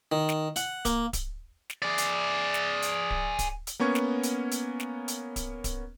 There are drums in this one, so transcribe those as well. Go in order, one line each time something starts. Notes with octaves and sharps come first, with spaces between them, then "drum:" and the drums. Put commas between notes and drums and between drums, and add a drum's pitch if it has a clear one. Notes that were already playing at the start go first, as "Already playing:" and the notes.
D#3
drum: snare
F#5, drum: hi-hat
A#3, drum: kick D1, hi-hat
drum: kick D1, hi-hat
drum: snare
G#4 D5
drum: hi-hat
drum: snare
drum: hi-hat
drum: kick D1
drum: kick D1, hi-hat
drum: hi-hat
A#3 B3 C#4 C#6 G#6
drum: snare
drum: hi-hat
drum: hi-hat
drum: snare
drum: hi-hat
drum: kick D1, hi-hat
drum: kick D1, hi-hat